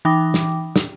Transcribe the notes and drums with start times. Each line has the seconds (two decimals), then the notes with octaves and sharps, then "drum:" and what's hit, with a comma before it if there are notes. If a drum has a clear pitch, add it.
0.05 E3 D#4 G5 D6
0.34 drum: snare
0.76 drum: snare